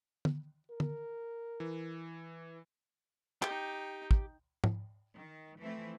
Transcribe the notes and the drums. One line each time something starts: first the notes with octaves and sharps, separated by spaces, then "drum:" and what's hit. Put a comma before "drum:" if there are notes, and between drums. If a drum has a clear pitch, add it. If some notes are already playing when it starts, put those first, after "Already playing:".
drum: tom D3
A#4
drum: tom D3
E3
D#4 G4 G5, drum: clap
drum: kick
drum: tom G#2
D#3
E3 F3 A3 C4 E4